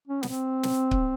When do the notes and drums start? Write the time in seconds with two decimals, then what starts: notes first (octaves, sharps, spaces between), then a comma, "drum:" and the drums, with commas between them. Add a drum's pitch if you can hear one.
0.08 C#4
0.23 B3, drum: snare
0.28 C4
0.63 drum: snare
0.91 drum: kick C#1